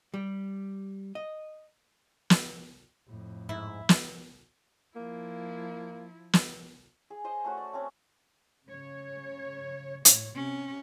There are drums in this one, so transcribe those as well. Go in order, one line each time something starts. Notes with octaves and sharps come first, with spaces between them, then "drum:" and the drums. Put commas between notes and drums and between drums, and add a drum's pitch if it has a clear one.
G3
D#5
drum: snare
F2 A2
G#2 E4
drum: snare
F3 A#3 E4
drum: snare
G#4
C5 D#5 G#5
A3 C#4 F#4
D5
A3 C4 C#4
C#3 C#5
A2 C#5, drum: hi-hat
C3 C#4